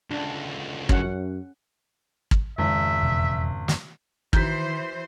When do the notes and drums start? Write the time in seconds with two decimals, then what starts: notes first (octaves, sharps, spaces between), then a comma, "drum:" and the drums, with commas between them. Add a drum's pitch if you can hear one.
0.11 C#2 D3 D4
0.89 F#2 C#4 F#5, drum: kick
2.31 drum: kick
2.58 G#1 F2 G#2 C#3 E5
3.03 E1
3.68 drum: snare
4.33 D#3 E3 E4 F#4 C5 G6 B6, drum: kick